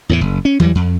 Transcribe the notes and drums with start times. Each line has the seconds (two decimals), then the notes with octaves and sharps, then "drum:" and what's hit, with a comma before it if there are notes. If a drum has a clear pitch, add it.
0.09 E2 A2 D#3 E3
0.21 F#1
0.45 C#4
0.60 E3 F#3 G3, drum: tom E2
0.75 F2